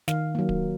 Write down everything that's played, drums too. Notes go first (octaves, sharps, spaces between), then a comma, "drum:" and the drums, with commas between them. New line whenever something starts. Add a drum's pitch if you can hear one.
D#3 F5, drum: snare
F#3 A#3
drum: kick D1